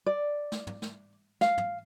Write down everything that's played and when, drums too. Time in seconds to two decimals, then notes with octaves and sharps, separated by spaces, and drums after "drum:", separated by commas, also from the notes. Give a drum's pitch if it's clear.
0.06 D5
0.52 drum: snare
0.67 drum: tom
0.82 drum: snare
1.41 F5, drum: snare
1.58 drum: tom